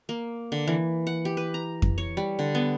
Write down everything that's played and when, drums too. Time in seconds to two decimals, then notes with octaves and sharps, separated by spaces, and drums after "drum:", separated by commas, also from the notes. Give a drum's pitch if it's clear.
0.09 A#3
0.52 D3
0.67 E3
1.07 F#5
1.25 G4
1.37 B4
1.54 A#5
1.82 drum: kick F2
1.98 C#5
2.17 G3
2.39 D3
2.55 B3